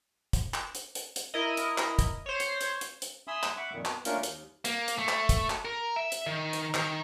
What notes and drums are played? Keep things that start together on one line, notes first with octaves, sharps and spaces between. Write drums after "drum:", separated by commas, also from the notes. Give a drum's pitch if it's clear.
drum: kick, hi-hat
drum: clap
drum: hi-hat
drum: hi-hat
drum: hi-hat
E4 A#4 D#5
drum: hi-hat
drum: clap
drum: kick, hi-hat
C5 C#5
drum: hi-hat
drum: hi-hat
drum: hi-hat
drum: hi-hat
E5 G#5 B5 C6 D#6 E6
drum: clap
E5 F#5 B5 C#6 D6
F2 A#2 D#3
B3, drum: clap
A3 A#3 C#4 D4 F4 A#4, drum: hi-hat
D#2, drum: hi-hat
A#3, drum: hi-hat
drum: hi-hat
A3
drum: clap
drum: kick, hi-hat
drum: clap
A#4
E5
drum: hi-hat
D#3
drum: hi-hat
D#3, drum: clap